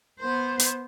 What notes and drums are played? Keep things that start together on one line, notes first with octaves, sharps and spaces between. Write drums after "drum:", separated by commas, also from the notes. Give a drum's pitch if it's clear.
B3 C5
drum: hi-hat